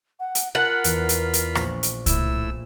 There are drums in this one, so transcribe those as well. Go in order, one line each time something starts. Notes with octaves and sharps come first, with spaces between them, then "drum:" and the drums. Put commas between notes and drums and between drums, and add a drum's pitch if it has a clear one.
F#5
drum: hi-hat
F4 A#4 F#5 A5 B5
E2, drum: hi-hat
drum: hi-hat
drum: hi-hat
A#1 C#6, drum: rim click
drum: hi-hat
A2 E4 E6, drum: kick C2, hi-hat